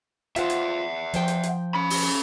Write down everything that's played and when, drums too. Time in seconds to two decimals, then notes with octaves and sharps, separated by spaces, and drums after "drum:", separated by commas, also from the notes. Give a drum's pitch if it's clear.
0.36 F4 C5 E5 F#5, drum: hi-hat
0.50 drum: hi-hat
1.14 F3 C5 G5, drum: hi-hat
1.28 drum: hi-hat
1.43 drum: hi-hat
1.75 C#4 B5
1.90 drum: open hi-hat